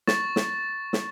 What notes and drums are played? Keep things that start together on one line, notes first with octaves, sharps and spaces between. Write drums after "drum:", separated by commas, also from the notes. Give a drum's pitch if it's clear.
C#6 A6, drum: snare
drum: snare
drum: snare